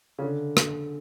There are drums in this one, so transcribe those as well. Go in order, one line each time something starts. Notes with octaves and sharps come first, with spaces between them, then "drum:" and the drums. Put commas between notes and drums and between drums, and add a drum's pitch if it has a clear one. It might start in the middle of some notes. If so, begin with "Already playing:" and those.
C#3
D3
drum: rim click